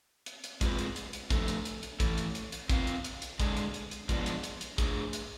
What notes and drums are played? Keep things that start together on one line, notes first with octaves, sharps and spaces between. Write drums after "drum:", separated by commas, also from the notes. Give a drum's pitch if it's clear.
drum: hi-hat
drum: hi-hat
G#3 C4 F4 G#4 B4, drum: kick, hi-hat
drum: hi-hat
drum: hi-hat
drum: hi-hat
F3 A3 D4 A4, drum: kick, hi-hat
drum: hi-hat
drum: hi-hat
drum: hi-hat
E3 A3 E4 A4, drum: kick, hi-hat
drum: hi-hat
drum: hi-hat
drum: hi-hat
C4 F4 B4 F5, drum: kick, hi-hat
drum: hi-hat
drum: hi-hat
drum: hi-hat
D3 G#3 D4 G#4, drum: kick, hi-hat
drum: hi-hat
drum: hi-hat
drum: hi-hat
F3 G#3 B3 D4, drum: kick, hi-hat
drum: hi-hat
drum: hi-hat
drum: hi-hat
A3 D4 G#4, drum: kick, hi-hat
drum: hi-hat